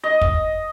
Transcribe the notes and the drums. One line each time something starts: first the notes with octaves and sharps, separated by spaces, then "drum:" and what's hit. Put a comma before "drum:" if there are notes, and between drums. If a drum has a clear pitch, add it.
D#5
drum: kick